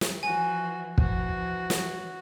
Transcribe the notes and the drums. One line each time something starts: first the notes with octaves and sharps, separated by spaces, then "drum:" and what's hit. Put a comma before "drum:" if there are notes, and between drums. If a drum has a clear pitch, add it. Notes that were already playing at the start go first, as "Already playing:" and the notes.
drum: snare
E3 F3 F#4 G#5
E3 F3 F#4, drum: kick
drum: snare